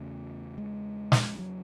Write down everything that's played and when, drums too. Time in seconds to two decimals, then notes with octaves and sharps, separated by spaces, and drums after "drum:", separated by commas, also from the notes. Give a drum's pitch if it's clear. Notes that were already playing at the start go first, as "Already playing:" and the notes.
Already playing: E2 C#3 A3
0.58 G#3
1.12 drum: snare
1.39 F#3